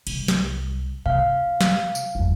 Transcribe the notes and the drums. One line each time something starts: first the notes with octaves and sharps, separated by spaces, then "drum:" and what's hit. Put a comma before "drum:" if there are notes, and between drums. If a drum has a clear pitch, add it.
C2, drum: cymbal
drum: snare
C3 F5
drum: snare
drum: tambourine
G1 F2